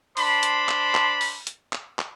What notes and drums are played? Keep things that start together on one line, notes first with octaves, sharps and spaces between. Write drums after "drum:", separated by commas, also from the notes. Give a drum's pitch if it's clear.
D4 C5 A5 B5 C6 D6, drum: open hi-hat
drum: hi-hat
drum: clap
drum: clap
drum: open hi-hat
drum: hi-hat
drum: clap
drum: clap